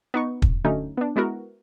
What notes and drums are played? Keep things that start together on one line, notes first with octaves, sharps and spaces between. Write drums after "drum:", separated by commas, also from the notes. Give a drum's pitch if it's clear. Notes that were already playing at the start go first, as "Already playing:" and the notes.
B3 D#4 C#6
drum: kick
D3 F#3 A3 C#4 D#4
B3 D4
G#3 B3 E4 F#4 A#4